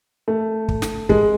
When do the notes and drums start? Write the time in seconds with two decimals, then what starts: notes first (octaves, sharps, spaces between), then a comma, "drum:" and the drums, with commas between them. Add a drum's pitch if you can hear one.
0.28 A3
0.68 drum: kick
0.82 drum: snare
1.09 G#3, drum: kick